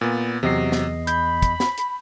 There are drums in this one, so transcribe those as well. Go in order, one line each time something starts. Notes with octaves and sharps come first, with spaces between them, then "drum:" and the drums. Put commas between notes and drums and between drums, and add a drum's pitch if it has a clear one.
A#2 B3
E2 C3 F#3 D#5 C7
drum: snare
B5 G6, drum: hi-hat
drum: kick, hi-hat
drum: snare
drum: hi-hat